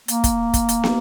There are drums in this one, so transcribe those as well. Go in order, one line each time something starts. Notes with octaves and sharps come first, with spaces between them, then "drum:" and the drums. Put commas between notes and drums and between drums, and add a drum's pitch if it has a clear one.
A#3, drum: hi-hat
drum: kick, hi-hat
drum: kick, hi-hat
drum: hi-hat
drum: snare